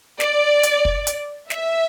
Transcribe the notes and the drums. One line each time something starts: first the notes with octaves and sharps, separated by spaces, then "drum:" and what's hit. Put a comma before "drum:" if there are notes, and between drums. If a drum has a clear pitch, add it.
D5, drum: snare
drum: hi-hat
drum: kick
drum: hi-hat
E5, drum: snare